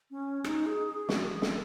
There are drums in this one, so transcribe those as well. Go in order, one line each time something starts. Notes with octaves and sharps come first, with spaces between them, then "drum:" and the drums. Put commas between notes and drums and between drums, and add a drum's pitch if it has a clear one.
C#4
D#4, drum: rim click
G#4
G#4
F#4, drum: snare
G#4
A4, drum: snare